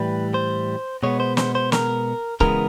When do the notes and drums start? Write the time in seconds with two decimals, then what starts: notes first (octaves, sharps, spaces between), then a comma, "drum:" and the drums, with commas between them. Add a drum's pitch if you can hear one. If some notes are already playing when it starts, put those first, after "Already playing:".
Already playing: A2 E3 G3 B4
0.34 C5
1.03 B2 G#3 B3 C#5
1.20 C5
1.37 C5, drum: snare
1.55 C5
1.72 A#4, drum: snare
2.40 C#3 E3 G#3 B3 A#4, drum: kick C#1